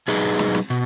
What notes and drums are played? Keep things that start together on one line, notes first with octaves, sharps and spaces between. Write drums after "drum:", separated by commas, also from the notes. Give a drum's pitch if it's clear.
B2 F#3 D#4 G#4 B4
drum: snare
drum: snare
B2